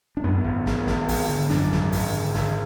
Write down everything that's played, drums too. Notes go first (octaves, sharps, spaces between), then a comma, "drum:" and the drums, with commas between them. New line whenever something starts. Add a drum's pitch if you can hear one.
D4
F#2 B3
G#1
G#1, drum: snare
G#1, drum: snare
G#1, drum: open hi-hat
D3
F#2 D4, drum: snare
G#1, drum: snare
G#1, drum: open hi-hat
D3
G#1, drum: snare